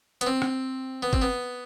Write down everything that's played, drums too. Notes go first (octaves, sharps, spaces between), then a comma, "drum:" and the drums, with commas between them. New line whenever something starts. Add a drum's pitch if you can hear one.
B3, drum: hi-hat
C4
drum: rim click
B3
C4, drum: kick
B3